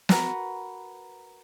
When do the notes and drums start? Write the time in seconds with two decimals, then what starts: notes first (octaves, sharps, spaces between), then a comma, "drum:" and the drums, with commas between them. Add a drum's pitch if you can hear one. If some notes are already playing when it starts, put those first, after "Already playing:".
0.09 F#4 A#4 B4 A#5, drum: snare